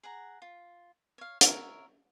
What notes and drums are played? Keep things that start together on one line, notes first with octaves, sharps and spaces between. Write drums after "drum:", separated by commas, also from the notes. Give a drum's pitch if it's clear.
G#4 F#5 A#5
F4
C#5 F5
A#4 C#5 E5, drum: hi-hat